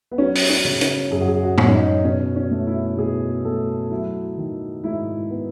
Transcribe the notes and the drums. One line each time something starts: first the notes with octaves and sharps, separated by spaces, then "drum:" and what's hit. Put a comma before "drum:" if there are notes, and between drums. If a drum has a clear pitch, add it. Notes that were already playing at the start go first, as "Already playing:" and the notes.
B3
F#3 C#4
drum: open hi-hat
C#4
C#3
C#4, drum: hi-hat
F#2 G#4
F#4
G#4
F#4
F#2, drum: tom A2
C#4
D#4
B2 C#4
C#4
A3
E4
B2 G#4
A3 A4
F#3 E4
D#3
G#2 E4
B3